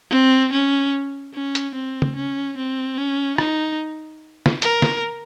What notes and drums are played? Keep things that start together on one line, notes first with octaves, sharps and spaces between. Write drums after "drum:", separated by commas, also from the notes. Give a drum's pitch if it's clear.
C4
C#4
C#4
drum: hi-hat
C4
drum: tom C#3
C#4
C4
C#4
D#4, drum: rim click
drum: snare
A#4, drum: hi-hat
drum: snare